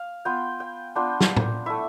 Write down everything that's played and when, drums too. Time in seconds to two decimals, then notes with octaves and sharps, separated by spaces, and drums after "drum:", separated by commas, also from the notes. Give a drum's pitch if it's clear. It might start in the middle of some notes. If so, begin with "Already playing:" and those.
Already playing: F5
0.25 B3 F4 G5
0.60 G5
0.95 B3 D4 F4 G5
1.21 drum: snare
1.37 drum: tom
1.66 A3 E4 E5